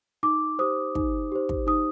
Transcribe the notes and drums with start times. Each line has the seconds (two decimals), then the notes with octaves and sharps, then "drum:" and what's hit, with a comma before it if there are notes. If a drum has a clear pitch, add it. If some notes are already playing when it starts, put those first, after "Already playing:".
0.23 D#4 D6
0.59 G4 C5 D#6
0.95 D#4, drum: kick
1.32 G4 C5
1.49 drum: kick
1.67 D#4 D#6